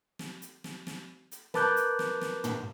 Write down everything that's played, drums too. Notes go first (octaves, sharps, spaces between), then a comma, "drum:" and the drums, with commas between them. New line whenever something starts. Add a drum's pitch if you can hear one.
drum: snare
drum: hi-hat
drum: snare
drum: snare
drum: hi-hat
A#4 B4 A5 D6 F#6 G6, drum: snare
drum: hi-hat
drum: snare
drum: snare
drum: tom